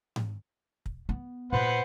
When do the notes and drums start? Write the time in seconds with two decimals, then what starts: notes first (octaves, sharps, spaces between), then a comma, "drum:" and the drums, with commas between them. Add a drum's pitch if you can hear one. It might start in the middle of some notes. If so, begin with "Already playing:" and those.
0.16 drum: tom G#2
0.86 drum: kick
1.09 B3
1.53 A#2 B4 C5 F#5